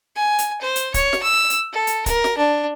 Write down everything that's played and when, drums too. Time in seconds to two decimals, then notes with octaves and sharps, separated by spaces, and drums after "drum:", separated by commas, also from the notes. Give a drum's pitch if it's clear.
0.16 G#5
0.38 drum: hi-hat
0.61 C5
0.76 drum: hi-hat
0.94 C#5, drum: kick D1, hi-hat
1.13 drum: snare
1.23 E6
1.50 drum: hi-hat
1.73 A4
1.87 drum: hi-hat
2.06 A#4, drum: kick D1, hi-hat
2.24 drum: snare
2.37 D4